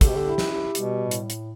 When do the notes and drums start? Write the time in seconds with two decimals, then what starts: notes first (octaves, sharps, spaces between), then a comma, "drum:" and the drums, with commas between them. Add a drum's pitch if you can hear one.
0.01 D3 G4, drum: kick, hi-hat
0.08 B2
0.16 D3
0.26 E4
0.38 drum: snare
0.50 G4
0.75 B2 G3, drum: hi-hat
0.99 A2
1.11 drum: hi-hat
1.30 drum: hi-hat